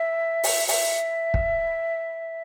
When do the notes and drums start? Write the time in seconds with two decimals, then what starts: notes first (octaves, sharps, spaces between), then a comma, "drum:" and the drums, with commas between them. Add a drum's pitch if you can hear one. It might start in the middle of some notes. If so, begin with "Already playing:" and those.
Already playing: E5
0.44 drum: open hi-hat
0.68 E5, drum: open hi-hat
1.34 drum: kick